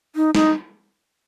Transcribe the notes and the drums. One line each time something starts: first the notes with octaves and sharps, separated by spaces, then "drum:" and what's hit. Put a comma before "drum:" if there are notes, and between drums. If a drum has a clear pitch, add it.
D#4
D#4, drum: snare